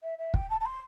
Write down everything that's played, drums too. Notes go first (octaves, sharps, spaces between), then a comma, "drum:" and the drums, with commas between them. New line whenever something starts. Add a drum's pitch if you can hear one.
E5
E5
G5, drum: kick
A5
A5
C6